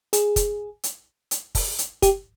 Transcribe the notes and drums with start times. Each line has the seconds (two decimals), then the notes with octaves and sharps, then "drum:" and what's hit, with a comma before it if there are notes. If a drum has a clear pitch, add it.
0.13 G#4, drum: hi-hat
0.36 drum: kick, hi-hat
0.84 drum: hi-hat
1.31 drum: hi-hat
1.55 drum: kick, open hi-hat
1.78 drum: hi-hat
2.02 G4, drum: kick, hi-hat